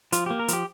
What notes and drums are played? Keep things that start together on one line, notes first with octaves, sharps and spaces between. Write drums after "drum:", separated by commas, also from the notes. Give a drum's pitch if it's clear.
F3 F4, drum: hi-hat
A#3 G4
A#4
F3 G4, drum: hi-hat